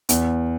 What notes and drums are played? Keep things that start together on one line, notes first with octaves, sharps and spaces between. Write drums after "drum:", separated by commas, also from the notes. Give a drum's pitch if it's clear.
E2, drum: hi-hat